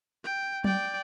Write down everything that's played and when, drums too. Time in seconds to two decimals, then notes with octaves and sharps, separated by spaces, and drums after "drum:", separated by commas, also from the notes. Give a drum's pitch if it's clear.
0.24 G5
0.64 D5 G5, drum: tom F#3